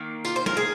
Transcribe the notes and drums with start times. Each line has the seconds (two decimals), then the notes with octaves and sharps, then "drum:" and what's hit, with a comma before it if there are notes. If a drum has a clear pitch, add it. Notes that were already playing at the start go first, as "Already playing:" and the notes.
Already playing: D#3 A#3
0.25 F4, drum: tambourine
0.36 C5
0.46 A#4, drum: snare
0.57 G#4